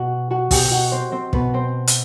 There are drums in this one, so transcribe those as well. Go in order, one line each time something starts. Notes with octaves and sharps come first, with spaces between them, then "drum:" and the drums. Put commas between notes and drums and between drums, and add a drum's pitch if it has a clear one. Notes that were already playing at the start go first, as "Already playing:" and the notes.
Already playing: B2 F#4 F#5
F#4 F#5
B2 G4 G5, drum: kick, open hi-hat
F#4 F#5
C4 C5
C4 C5
B2 B3 B4, drum: kick
C4 C5
drum: hi-hat